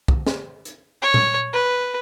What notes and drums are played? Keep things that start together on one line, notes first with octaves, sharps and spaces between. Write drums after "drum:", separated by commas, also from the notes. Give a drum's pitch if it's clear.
drum: kick
drum: snare
drum: hi-hat
C#5
drum: tom A#2
B4